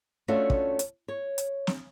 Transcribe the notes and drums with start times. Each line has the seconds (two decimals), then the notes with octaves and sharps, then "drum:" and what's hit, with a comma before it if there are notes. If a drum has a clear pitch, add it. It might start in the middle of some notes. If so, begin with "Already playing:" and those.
0.28 A3 C#4 D4 F4 F#4 E5
0.50 drum: kick
0.79 drum: hi-hat
1.08 C#5
1.38 drum: hi-hat
1.67 drum: snare